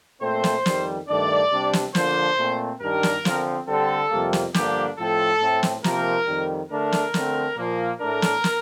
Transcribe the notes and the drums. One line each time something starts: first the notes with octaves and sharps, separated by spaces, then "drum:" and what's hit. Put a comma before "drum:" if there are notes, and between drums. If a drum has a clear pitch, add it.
A#2 A3 C4 C5
drum: snare
F2 D#3 G3, drum: snare
G2 D#3 A3 D4 D5
C3 G3 D4
drum: snare
D3 F3 A#3 D4 C5, drum: snare
A#2 A3 C4
G2 D#3 G3 D4 A#4
drum: snare
D3 F3 C4, drum: snare
D3 G3 C4 A4
F2 C3 G3 A#3
drum: snare
G2 D3 F3 A#3 D4 G4, drum: snare
A2 F3 C4 A4
A2 A3 C4
drum: snare
C3 F3 A#3 A#4, drum: snare
F2 D#3 G3
D3 A3 D4 A#4
drum: snare
D3 A3 C4, drum: snare
A#2 F3 A#3
A2 A3 D4 A#4
drum: snare
drum: snare